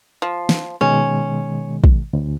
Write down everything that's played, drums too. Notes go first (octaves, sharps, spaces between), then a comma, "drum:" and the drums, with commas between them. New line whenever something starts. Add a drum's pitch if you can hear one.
F3
drum: snare
B2 D#3 G#3 C#4
drum: kick
D2